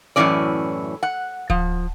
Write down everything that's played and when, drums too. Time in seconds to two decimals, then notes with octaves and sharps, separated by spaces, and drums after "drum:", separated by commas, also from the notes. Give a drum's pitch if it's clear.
0.16 F#2 A2 D#3 E3 C#4 D5
1.03 F#5
1.50 F3, drum: kick D1